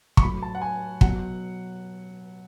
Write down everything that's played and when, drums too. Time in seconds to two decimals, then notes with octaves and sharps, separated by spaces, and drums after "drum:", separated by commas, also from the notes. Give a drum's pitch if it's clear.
0.17 C#6, drum: kick
0.23 A2 F#3 B5
0.43 A5
0.55 F#5
0.62 G#5
1.01 B2 F#3 F#5, drum: kick